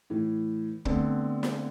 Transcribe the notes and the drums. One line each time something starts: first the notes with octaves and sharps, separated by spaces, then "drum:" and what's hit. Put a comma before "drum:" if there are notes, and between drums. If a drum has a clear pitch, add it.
A2 E3
D3 A3 B3 C4, drum: kick
drum: snare